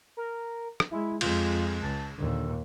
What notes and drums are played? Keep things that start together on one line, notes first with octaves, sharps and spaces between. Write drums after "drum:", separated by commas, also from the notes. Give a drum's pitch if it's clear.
A#4
drum: rim click
G#3 E4
F2 G#3 F4, drum: cymbal
C#2 A5
D#2 A#2 D3